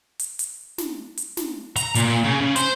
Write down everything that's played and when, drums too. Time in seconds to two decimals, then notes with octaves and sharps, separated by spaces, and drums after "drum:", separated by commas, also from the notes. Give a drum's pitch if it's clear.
0.19 drum: hi-hat
0.39 drum: hi-hat
0.78 drum: snare
1.17 drum: hi-hat
1.37 drum: snare
1.76 A#5, drum: hi-hat
1.95 A#2, drum: hi-hat
2.24 C#3
2.41 C#3
2.56 C5, drum: hi-hat